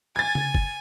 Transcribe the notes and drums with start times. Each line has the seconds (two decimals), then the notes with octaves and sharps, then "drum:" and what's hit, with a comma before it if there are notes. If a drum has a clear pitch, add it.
0.16 G#5 G#6 A6
0.35 drum: tom C#3
0.55 drum: kick F#1